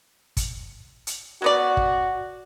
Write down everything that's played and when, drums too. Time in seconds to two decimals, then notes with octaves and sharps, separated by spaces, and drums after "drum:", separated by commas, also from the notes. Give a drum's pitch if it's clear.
0.37 drum: kick, hi-hat
1.07 drum: hi-hat
1.42 F#3 B3 F#4 D5
1.77 drum: kick